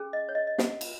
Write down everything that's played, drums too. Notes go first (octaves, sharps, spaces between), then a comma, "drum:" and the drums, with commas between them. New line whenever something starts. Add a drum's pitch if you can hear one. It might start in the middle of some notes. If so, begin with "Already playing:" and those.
Already playing: C#4 G#4
D#5
C#5
D#5
D#5
F#5, drum: snare
drum: cymbal